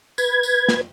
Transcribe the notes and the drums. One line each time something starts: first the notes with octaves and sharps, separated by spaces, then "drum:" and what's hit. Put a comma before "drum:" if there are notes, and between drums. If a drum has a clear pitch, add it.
B4 G#6, drum: tambourine
drum: tambourine
drum: snare